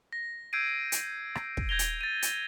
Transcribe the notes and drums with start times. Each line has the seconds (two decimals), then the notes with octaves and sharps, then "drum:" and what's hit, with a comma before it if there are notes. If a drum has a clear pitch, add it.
0.13 A#6
0.53 E6 G6 G#6 C7 D7 D#7
0.92 drum: hi-hat
1.35 drum: rim click
1.57 drum: kick
1.69 G6 G#6 A#6 F7 G7
1.79 drum: hi-hat
2.01 A6 D#7
2.22 drum: hi-hat